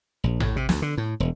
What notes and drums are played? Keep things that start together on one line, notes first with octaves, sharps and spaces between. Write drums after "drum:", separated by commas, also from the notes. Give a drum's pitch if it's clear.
A#1
A2, drum: tom A1
C3
D2, drum: snare
D3
A2
E1